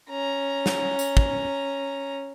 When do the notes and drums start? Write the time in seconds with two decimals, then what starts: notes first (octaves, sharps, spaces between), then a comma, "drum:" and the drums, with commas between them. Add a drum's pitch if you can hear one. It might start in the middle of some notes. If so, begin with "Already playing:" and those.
0.10 C#4 A#5
0.66 drum: snare
0.99 drum: tambourine
1.17 drum: kick